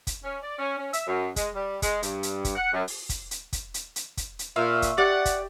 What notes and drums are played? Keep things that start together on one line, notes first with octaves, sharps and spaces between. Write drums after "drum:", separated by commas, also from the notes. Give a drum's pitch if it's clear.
drum: kick, hi-hat
C#4
D5
C#4
C#4
E5, drum: hi-hat
F#2
G#3, drum: kick, hi-hat
G3
G#3, drum: kick, hi-hat
G2, drum: hi-hat
drum: hi-hat
drum: kick, hi-hat
F#5
F#2
drum: open hi-hat
drum: kick, hi-hat
drum: hi-hat
drum: kick, hi-hat
drum: hi-hat
drum: hi-hat
drum: kick, hi-hat
drum: hi-hat
A#2 E5 F5 C#6 E6
drum: kick, hi-hat
G4 D5 F#5
drum: kick, hi-hat